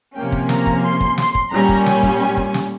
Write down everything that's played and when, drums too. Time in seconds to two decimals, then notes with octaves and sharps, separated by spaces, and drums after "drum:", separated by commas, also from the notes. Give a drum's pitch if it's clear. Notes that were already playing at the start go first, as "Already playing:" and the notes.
0.15 C3 F3 A#3 C#4 G5
0.32 drum: kick
0.49 A#5, drum: snare
0.66 drum: kick
0.83 C6
1.01 drum: kick
1.18 C6, drum: snare
1.35 drum: kick
1.52 A#2 G3 C#4 A#5
1.69 drum: kick
1.86 G#5, drum: snare
2.03 drum: kick
2.20 G#5
2.37 drum: kick
2.54 drum: snare